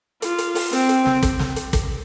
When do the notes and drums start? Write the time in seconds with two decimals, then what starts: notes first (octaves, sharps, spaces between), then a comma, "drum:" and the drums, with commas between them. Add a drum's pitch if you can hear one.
0.22 F4, drum: hi-hat
0.38 drum: hi-hat
0.55 drum: open hi-hat
0.73 C4, drum: hi-hat
0.89 drum: hi-hat
1.06 drum: snare
1.23 drum: kick, hi-hat
1.39 drum: snare
1.56 drum: hi-hat
1.73 drum: kick, hi-hat